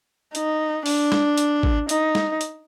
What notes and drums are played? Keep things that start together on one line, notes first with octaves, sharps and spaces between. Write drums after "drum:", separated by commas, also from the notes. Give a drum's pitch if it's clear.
D#4, drum: hi-hat
D4, drum: open hi-hat
drum: snare
drum: hi-hat
drum: kick
D#4, drum: hi-hat
drum: snare
drum: hi-hat